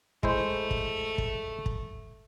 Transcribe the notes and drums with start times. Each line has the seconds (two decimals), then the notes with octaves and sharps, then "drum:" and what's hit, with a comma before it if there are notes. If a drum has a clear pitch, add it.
0.23 G#3 A3 E4 C5, drum: kick
0.71 drum: kick
1.18 drum: kick
1.66 drum: kick